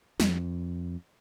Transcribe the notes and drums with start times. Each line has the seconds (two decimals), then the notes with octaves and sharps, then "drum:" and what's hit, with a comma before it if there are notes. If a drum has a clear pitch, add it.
0.20 F2, drum: snare